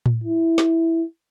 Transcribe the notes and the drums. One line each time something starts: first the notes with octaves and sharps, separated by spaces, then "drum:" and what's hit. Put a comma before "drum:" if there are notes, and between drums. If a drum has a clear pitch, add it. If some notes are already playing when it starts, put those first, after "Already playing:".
drum: tom A2
E4
drum: snare